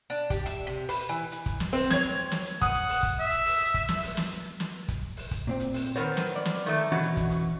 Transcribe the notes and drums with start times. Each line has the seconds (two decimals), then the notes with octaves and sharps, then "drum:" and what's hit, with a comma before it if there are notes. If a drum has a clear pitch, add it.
0.10 D4
0.30 G4, drum: kick, hi-hat
0.46 E5, drum: hi-hat
0.67 C3
0.89 B4, drum: open hi-hat
1.09 E3
1.32 drum: hi-hat
1.46 drum: kick, hi-hat
1.60 drum: snare
1.73 C4, drum: open hi-hat
1.91 C#5 G#6, drum: snare
2.03 drum: hi-hat
2.32 drum: snare
2.46 drum: hi-hat
2.62 F#5 D#6, drum: kick, hi-hat
2.74 drum: hi-hat
2.89 drum: open hi-hat
3.03 drum: kick, hi-hat
3.19 E5
3.31 drum: hi-hat
3.46 drum: open hi-hat
3.60 drum: hi-hat
3.74 drum: kick, hi-hat
3.89 drum: snare
4.03 drum: open hi-hat
4.17 drum: snare
4.31 drum: hi-hat
4.60 drum: snare
4.88 drum: kick, hi-hat
5.17 drum: open hi-hat
5.31 drum: kick, hi-hat
5.47 A#2 C4 G5
5.60 drum: hi-hat
5.74 drum: open hi-hat
5.96 D#3 B3 C4 A#4 C#5
6.17 drum: snare
6.36 D5
6.45 drum: snare
6.66 D#3 A3
6.92 B2 E3 C#4 F#4
7.03 drum: hi-hat
7.17 drum: kick, hi-hat
7.31 drum: hi-hat